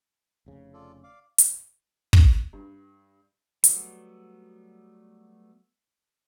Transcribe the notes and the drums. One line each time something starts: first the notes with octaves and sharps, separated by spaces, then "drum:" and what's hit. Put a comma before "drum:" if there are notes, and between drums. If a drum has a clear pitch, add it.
F1 C#3
F4 A4 D5
D5 F5 D6
drum: hi-hat
drum: kick
G2
F#3 G3 A3 B3, drum: hi-hat